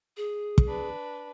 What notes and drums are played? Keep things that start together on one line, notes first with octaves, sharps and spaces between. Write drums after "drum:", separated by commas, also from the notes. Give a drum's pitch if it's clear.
G#4
drum: kick
D4 B4